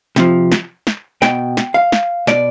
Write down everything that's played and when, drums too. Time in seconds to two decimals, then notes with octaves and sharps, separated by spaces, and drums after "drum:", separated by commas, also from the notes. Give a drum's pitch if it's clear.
0.16 C3 F3, drum: snare
0.52 drum: snare
0.87 drum: snare
1.22 B2 G5, drum: snare
1.57 drum: snare
1.74 F5
1.92 drum: snare
2.27 B2 D5, drum: snare